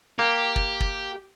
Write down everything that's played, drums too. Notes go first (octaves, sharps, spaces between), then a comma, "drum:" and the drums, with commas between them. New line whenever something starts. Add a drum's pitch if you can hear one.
A#3 G4
drum: kick
drum: kick